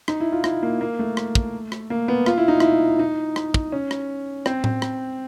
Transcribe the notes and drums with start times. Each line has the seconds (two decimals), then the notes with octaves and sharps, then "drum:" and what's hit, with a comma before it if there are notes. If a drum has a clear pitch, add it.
0.08 D#4, drum: rim click
0.20 E4
0.32 F4
0.44 E4, drum: rim click
0.63 A#3
0.81 A#3
0.99 A3
1.17 drum: rim click
1.35 drum: kick
1.72 drum: rim click
1.90 A#3
2.08 B3
2.26 F4, drum: rim click
2.38 E4
2.48 D#4
2.60 E4, drum: rim click
2.99 D#4
3.36 drum: rim click
3.54 drum: kick
3.72 C#4
3.91 drum: rim click
4.46 C4, drum: rim click
4.64 drum: tom A2
4.82 drum: rim click